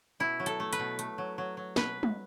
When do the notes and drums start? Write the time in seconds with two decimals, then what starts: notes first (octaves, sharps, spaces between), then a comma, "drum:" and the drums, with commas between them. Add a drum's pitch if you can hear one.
0.20 B2 E4
0.40 F#3
0.46 A4, drum: hi-hat
0.60 A3
0.73 B4, drum: hi-hat
0.79 B2
0.99 A3, drum: hi-hat
1.18 F#3
1.38 F#3
1.57 F#3
1.76 B2 B4, drum: snare
2.03 drum: tom G3